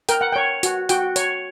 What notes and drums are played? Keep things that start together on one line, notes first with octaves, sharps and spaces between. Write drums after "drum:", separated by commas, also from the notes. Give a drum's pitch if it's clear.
A#4 G5, drum: hi-hat
F#5
C#5 G5
F#4, drum: hi-hat
F#4 G5, drum: hi-hat
C#5, drum: hi-hat